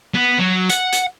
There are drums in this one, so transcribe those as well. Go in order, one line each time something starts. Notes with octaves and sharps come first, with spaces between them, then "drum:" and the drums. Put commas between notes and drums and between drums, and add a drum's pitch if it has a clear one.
B3
F#3
F#5, drum: hi-hat
drum: hi-hat